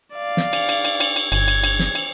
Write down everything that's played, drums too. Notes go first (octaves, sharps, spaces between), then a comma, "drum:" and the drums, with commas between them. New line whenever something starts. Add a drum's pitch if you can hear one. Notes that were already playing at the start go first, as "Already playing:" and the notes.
D5 F5
drum: snare
drum: cymbal
drum: cymbal
drum: cymbal
drum: cymbal
drum: cymbal
G1 G#6, drum: cymbal
drum: cymbal
drum: cymbal
drum: snare
drum: cymbal